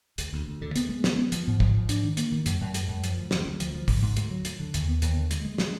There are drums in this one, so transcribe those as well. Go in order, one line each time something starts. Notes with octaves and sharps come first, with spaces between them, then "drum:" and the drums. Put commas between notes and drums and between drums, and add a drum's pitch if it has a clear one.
D2, drum: hi-hat
D2
D2
D3
B3, drum: hi-hat
G#3
B3, drum: snare
B3
F3, drum: hi-hat
G#2
F3, drum: kick
G#2
D4, drum: hi-hat
D#3
A#3, drum: hi-hat
D#3
F#2, drum: hi-hat
F#2
G#3, drum: hi-hat
F#2
F3, drum: hi-hat
D2
F3, drum: snare
D2
F3, drum: hi-hat
F3
G#2, drum: kick, open hi-hat
G#2
D2, drum: hi-hat
F#3
D2, drum: hi-hat
D3
D#2, drum: hi-hat
B3
D#2, drum: hi-hat
D3
G#3, drum: hi-hat
G#3
G#3, drum: snare